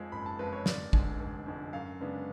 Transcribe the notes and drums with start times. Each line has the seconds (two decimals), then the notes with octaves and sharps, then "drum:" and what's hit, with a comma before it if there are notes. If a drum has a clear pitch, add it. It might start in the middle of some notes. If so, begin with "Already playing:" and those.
Already playing: F2 F3 G#3
0.12 F#1 B5
0.26 A5
0.39 F2 F3 G#3 B4
0.53 C#5
0.66 F1 D5, drum: snare
0.93 F2 D3 G#3, drum: kick
1.20 F1
1.46 F2 D3 G#3
1.73 F#2 F5
2.00 C#3 G#3 B3 D4